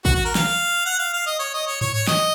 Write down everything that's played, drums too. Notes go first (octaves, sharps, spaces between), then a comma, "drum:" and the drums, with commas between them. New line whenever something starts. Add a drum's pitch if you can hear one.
F#4, drum: kick
F#4
A#4
F5, drum: snare
F#5
F5
F5
D#5
C#5
D#5
C#5
C#5, drum: tom G#2
C#5
D#5, drum: snare